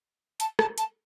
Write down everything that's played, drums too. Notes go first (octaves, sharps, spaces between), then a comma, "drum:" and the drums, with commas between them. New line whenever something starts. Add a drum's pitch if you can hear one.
A5, drum: hi-hat
A5, drum: rim click
A5, drum: hi-hat